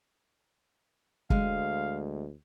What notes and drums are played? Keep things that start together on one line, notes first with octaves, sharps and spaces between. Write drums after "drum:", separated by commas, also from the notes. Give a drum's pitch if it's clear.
D2 G#3 F5, drum: kick